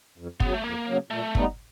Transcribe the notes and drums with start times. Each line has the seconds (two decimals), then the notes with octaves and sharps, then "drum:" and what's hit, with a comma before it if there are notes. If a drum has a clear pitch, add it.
0.18 F2
0.40 C#3 F#3 B3, drum: kick
0.54 A3
0.64 F2 A#3
0.87 C#3 F#3
1.10 A#2 A3
1.35 G3 B3 D#4, drum: kick